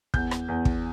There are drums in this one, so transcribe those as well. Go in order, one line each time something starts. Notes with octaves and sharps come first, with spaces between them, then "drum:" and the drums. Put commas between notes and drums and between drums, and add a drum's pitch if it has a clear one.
E2 G6, drum: kick
drum: rim click
E2
drum: kick